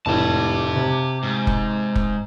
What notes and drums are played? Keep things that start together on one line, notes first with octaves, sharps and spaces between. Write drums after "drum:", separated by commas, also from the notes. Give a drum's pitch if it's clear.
F1 A2 G4 A5
C3
G#2
drum: kick
drum: kick